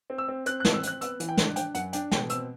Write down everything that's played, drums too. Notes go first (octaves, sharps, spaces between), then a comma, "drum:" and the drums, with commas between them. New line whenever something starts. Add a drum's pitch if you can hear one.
C4
E6
C4
C4 F#6, drum: hi-hat
F#6
C4, drum: snare
E6
C4 F#6, drum: hi-hat
B3 E6, drum: hi-hat
E3, drum: hi-hat
G5
D4, drum: snare
D4 G5, drum: hi-hat
F#2 F#5, drum: hi-hat
D4 G5, drum: hi-hat
B2 G5, drum: snare
C4 E6, drum: hi-hat